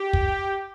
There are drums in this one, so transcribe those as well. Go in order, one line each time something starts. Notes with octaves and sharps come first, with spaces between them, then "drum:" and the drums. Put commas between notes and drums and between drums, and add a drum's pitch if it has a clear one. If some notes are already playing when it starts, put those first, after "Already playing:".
Already playing: G4
drum: kick